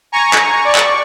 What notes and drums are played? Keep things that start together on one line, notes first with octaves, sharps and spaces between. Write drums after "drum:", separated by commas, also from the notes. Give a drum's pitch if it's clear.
G#5 A#5 C#6
drum: clap
D5 C#6
drum: clap